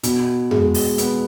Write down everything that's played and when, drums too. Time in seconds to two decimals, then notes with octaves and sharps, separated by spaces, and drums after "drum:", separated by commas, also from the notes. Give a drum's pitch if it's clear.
0.03 B2, drum: hi-hat
0.51 G#3, drum: tom F2
0.74 drum: open hi-hat
0.98 B3, drum: hi-hat